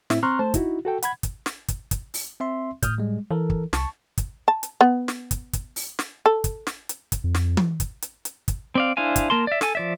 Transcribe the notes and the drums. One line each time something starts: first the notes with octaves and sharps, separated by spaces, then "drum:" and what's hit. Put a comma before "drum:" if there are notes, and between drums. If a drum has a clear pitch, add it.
A2 C4 E4 E5, drum: snare
C4 A#5 C6 C#6 F6 F#6
A3 C5 A5
D#4 E4 F#4, drum: kick, hi-hat
F#4 A4 G5
F#5 B5 G#6, drum: hi-hat
drum: kick, hi-hat
drum: snare
drum: kick, hi-hat
drum: kick, hi-hat
drum: open hi-hat
C4 E5 C6
A2 D#6 F6 G6, drum: kick, hi-hat
G3 G#3
E3 A4 A#4
drum: kick
C2 A5 C#6, drum: snare
drum: kick, hi-hat
A5
drum: hi-hat
B3
drum: snare
drum: kick, hi-hat
drum: kick, hi-hat
drum: open hi-hat
drum: snare
A4
drum: kick, hi-hat
drum: snare
drum: hi-hat
drum: kick, hi-hat
F2
drum: snare
drum: tom
drum: kick, hi-hat
drum: hi-hat
drum: hi-hat
drum: kick, hi-hat
C4 D5 F5
D4 E4 C5 F5 G#5
drum: kick, hi-hat
A#3 A#4 A5 C6
D5 E5
A4 G#5, drum: snare
F3 D5 E5